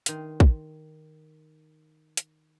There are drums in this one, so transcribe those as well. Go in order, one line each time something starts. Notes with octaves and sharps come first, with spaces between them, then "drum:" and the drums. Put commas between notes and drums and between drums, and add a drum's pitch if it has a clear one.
D#3 C6, drum: hi-hat
drum: kick
drum: hi-hat